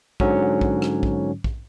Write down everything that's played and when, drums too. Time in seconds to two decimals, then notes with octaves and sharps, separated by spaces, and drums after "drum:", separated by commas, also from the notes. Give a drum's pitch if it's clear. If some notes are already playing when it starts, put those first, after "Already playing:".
0.20 G#2 D3 F#3 C#4, drum: kick
0.61 drum: kick
0.82 drum: rim click
1.03 drum: kick
1.44 drum: kick